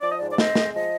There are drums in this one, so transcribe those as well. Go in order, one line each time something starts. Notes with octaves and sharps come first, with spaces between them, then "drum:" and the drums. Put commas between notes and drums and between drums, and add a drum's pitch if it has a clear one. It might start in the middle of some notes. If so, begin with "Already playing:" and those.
F3 D5
D#5
G#2 D5
D5
C4 D#5, drum: snare
G#3, drum: snare
F3 D#5